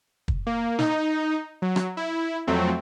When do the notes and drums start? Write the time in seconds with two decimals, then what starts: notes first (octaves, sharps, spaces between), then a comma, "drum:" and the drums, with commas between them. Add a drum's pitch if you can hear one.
0.28 drum: kick
0.47 A#3
0.79 D#4, drum: snare
1.62 F#3
1.76 drum: rim click
1.97 E4
2.47 F2 F#3 A3 C4